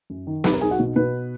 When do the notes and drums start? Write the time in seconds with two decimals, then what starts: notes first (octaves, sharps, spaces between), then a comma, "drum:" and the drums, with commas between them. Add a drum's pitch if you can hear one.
0.10 F#2
0.27 D#3
0.44 B1 B4 B5, drum: snare
0.53 A#4 A#5
0.61 B1 G#4 G#5
0.71 F#4 F#5
0.79 B2
0.96 B2 B4